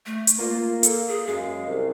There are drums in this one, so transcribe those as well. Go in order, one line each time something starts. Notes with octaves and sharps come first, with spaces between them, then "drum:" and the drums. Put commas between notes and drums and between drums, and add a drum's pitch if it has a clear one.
A3
drum: hi-hat
A#3 F4
A4, drum: hi-hat
G#4
F#2 G#3 F5
C2